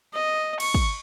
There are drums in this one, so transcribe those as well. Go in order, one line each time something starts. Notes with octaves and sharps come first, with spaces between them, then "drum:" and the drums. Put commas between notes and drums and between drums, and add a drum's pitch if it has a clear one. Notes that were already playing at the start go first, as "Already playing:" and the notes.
D#5
C#6, drum: cymbal
drum: kick